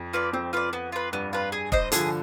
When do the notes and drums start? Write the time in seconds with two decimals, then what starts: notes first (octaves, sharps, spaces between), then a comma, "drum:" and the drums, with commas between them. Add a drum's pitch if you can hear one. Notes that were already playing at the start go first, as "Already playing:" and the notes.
Already playing: F2
0.13 F4 B4 D5
0.33 F2 C4
0.53 F4 B4 D5
0.73 B3
0.92 F4 B4
1.13 G2 B3
1.33 F4 B4
1.52 G#4
1.72 C5 D#5, drum: kick
1.92 D3 F3 G#4, drum: hi-hat